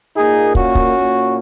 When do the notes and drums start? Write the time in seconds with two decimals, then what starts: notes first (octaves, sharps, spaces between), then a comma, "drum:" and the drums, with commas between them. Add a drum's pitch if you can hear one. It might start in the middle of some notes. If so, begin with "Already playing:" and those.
0.16 A#2 A#3 D#4 G#4
0.55 C#4 F#4, drum: kick
0.75 drum: kick
0.95 A#2 A#3